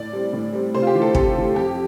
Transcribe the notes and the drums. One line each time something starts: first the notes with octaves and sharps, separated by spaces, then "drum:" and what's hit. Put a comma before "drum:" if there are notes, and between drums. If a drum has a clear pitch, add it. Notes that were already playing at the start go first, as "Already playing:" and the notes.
Already playing: A2 D5
G3 C4
A2
G3 C4
C3 C5
F4
G4
E3 A3
A4
C3 G4, drum: kick
E3 A3
F2 G4